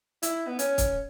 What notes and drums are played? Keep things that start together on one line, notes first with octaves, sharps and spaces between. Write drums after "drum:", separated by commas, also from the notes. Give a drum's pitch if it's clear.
E4, drum: hi-hat
B3
C#4, drum: hi-hat
drum: kick, hi-hat